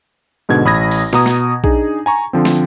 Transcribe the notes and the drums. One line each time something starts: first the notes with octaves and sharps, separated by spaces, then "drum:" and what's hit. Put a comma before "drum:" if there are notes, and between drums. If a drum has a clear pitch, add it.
G#2 B2 D3 G#6
A1 B5 D#6 G#6 A#6
drum: open hi-hat
B2 A#5 D#6, drum: snare
drum: snare
D4 D#4 G#4, drum: kick A#1
G#5 A#5 C#6
D3 F3 C4
drum: snare